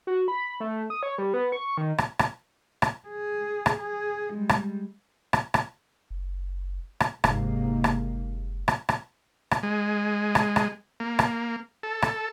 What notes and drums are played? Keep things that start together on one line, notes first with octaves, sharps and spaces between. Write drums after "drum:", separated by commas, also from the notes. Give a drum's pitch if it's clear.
F#4
B5
A3
D#6
C#5
G3
B3
C#6
D#3
drum: rim click
drum: rim click
drum: rim click
G#4
drum: rim click
G#4
G3 G#3
drum: rim click
drum: rim click
drum: rim click
F#1
drum: rim click
F#1 G#2 C3 A#3, drum: rim click
drum: rim click
drum: rim click
drum: rim click
drum: rim click
G#3
drum: rim click
drum: rim click
A#3
drum: rim click
A4
drum: rim click